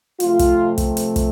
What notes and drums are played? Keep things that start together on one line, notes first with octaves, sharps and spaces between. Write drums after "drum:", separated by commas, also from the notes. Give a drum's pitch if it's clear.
C3 F3 A3 C4 F4, drum: hi-hat
drum: kick, hi-hat
drum: kick, hi-hat
drum: hi-hat
drum: kick, hi-hat